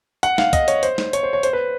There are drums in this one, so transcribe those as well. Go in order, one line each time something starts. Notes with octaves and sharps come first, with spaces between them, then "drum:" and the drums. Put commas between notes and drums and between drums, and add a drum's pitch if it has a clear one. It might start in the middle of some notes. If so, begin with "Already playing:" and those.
F#5, drum: hi-hat
F5, drum: snare
D#5, drum: kick, hi-hat
C#5, drum: hi-hat
C5, drum: hi-hat
drum: snare
C#5, drum: hi-hat
C5
C#5
C5, drum: hi-hat
B4